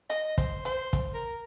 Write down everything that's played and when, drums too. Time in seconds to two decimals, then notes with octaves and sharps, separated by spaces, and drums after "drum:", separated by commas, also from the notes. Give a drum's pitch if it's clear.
0.10 D#5, drum: hi-hat
0.38 C5, drum: kick, hi-hat
0.65 C5, drum: hi-hat
0.93 drum: kick, hi-hat
1.14 A#4